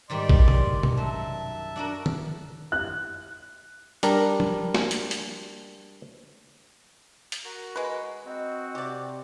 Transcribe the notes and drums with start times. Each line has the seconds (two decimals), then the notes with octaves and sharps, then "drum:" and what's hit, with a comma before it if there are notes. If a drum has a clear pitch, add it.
0.10 G#2 D#3 G3 D5 C6
0.29 drum: kick
0.48 drum: tom
0.83 drum: tom
0.97 F#2 E5 A5
1.76 D4 F#4 A#4
2.06 drum: tom D#3
2.72 F#6
4.03 G3 D4 A#4, drum: hi-hat
4.40 drum: tom F3
4.74 drum: snare
4.91 drum: hi-hat
5.11 drum: hi-hat
7.32 drum: hi-hat
7.45 F#4 A#4
7.76 G#3 B4
8.25 C4 F#4 D#5
8.75 C3 G4 D5